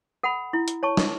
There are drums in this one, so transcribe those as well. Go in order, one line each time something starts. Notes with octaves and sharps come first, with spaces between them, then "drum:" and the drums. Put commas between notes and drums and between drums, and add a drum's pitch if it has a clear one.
A4 F#5 B5
E4
drum: hi-hat
C#5 A5 C#6
drum: snare